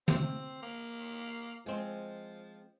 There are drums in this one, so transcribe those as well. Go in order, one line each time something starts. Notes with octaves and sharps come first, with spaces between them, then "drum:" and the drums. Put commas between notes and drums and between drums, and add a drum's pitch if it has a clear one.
C4, drum: tom D3
A#3
F3 G#3 C4